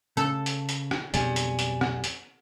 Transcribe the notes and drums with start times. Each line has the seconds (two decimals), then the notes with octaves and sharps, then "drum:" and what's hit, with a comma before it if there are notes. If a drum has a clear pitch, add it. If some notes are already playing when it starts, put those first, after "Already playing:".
0.17 C#3 A4
0.46 drum: hi-hat
0.69 drum: hi-hat
0.91 drum: rim click
1.14 B1 F2 B2 D3 G3 G#4 D5 G#5, drum: hi-hat
1.36 drum: hi-hat
1.59 drum: hi-hat
1.81 drum: rim click
2.04 drum: hi-hat